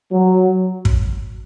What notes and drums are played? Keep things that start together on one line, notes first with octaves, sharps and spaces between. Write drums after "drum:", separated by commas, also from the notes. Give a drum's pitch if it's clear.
F#3
drum: kick